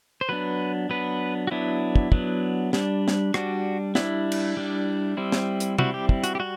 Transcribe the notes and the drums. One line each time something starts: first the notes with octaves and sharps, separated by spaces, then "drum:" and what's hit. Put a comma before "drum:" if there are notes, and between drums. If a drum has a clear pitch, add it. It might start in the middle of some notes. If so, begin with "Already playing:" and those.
C5
F#3 B3 D4 B4
F#3 B3 D4 B4
F#4
F#3 B3 D4 E4
drum: kick
F#3 B3 D4, drum: kick
G3 D4, drum: snare
drum: snare
G3 D4 F#4, drum: rim click
G3 D4 E4, drum: snare
drum: cymbal
G3 D4
G3 C4 E4
drum: snare
drum: hi-hat
G3 C4 E4 F#4, drum: tom C3
G4
drum: kick
F#4, drum: hi-hat
G4
G3 F#4